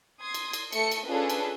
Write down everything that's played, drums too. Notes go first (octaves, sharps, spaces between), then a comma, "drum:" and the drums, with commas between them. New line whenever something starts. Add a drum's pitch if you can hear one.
C6 D#6 G#6
drum: cymbal
drum: cymbal
A3 A4 C#7, drum: cymbal
drum: cymbal
C#4 D4 F4 G#4 A4 B4
drum: cymbal